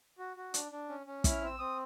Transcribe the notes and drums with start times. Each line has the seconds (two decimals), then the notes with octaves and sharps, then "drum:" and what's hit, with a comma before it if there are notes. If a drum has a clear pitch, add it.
0.19 F#4
0.37 F#4
0.54 D4, drum: hi-hat
0.72 D4
0.89 C#4
1.06 C#4
1.24 E4, drum: kick, hi-hat
1.31 F6
1.41 C4 E6
1.59 C4 D#6